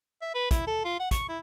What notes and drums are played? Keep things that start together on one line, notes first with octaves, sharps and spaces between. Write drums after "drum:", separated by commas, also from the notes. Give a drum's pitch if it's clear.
E5
B4
E4, drum: kick, hi-hat
A4
F4
F#5
C#6, drum: kick, hi-hat
E4